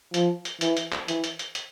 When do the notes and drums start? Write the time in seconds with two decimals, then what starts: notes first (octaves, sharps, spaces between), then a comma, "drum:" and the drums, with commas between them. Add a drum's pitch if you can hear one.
0.14 F3, drum: hi-hat
0.45 drum: hi-hat
0.61 E3, drum: hi-hat
0.77 drum: hi-hat
0.92 drum: clap
1.08 E3, drum: hi-hat
1.24 drum: hi-hat
1.39 drum: hi-hat
1.55 drum: hi-hat